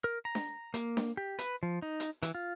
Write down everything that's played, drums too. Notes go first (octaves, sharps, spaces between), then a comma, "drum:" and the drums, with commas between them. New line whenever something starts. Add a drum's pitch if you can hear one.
A#4
A#5
drum: snare D4
A#3, drum: hi-hat
drum: snare D4
G4
B4, drum: hi-hat
F3
D#4
drum: hi-hat
E3, drum: hi-hat
F4